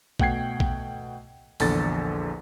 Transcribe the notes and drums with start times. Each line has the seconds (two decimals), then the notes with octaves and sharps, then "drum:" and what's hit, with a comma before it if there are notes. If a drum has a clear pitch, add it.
0.20 B2 A3 F#5 G5 G#6 C7, drum: kick
0.60 drum: kick
1.60 A#1 E2 D3 A4 A6, drum: open hi-hat